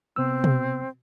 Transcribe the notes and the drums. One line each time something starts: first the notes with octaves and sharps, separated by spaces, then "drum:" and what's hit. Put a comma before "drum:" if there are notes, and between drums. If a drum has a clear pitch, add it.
C3 B3 C4 E6
drum: tom B2